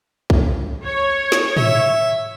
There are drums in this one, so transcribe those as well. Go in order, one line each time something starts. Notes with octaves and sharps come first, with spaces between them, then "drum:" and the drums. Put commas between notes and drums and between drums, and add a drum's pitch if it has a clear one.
drum: kick
C#5
drum: snare
E5, drum: tom